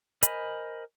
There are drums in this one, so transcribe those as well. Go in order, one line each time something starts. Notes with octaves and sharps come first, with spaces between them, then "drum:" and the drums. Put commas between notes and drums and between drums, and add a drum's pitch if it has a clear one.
A#4 C5 D#5 G#5 B5, drum: hi-hat